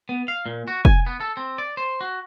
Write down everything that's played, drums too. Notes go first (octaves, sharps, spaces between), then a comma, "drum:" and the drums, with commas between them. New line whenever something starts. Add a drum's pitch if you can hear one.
B3
F5
A#2
F#4
G#5, drum: kick
B3
A4
C4
D5
C5
F#4